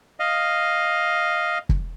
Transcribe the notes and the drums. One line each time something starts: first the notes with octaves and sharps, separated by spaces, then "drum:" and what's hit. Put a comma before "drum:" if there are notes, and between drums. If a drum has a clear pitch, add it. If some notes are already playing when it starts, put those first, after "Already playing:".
D#5 F5
drum: kick